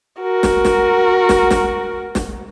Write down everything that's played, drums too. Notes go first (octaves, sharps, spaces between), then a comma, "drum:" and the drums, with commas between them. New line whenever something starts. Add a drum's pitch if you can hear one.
F#4 A#4
drum: snare
drum: snare
drum: snare
drum: snare
drum: snare